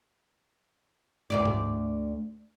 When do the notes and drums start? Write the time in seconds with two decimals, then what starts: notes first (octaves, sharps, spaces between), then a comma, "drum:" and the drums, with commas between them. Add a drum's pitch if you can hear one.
1.30 D2 B2 D5
1.45 drum: tom G#2